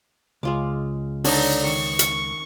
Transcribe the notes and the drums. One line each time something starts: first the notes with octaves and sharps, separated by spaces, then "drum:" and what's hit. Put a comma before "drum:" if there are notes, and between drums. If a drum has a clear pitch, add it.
C#2 G#3 F4 D6
D3 D4 D#4 C#5, drum: open hi-hat
D#3 C#6
drum: hi-hat